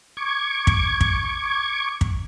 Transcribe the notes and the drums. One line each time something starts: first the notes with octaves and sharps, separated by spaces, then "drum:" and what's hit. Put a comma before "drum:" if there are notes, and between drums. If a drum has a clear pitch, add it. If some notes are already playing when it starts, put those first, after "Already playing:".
C#6 D6 G#6
drum: kick
drum: kick
drum: kick